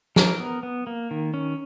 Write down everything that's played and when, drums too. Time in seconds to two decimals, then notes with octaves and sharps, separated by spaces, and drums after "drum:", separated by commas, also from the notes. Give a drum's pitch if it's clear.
0.16 E3 A#4, drum: snare
0.40 B3
0.63 B3
0.87 A#3
1.11 D#3
1.34 C#4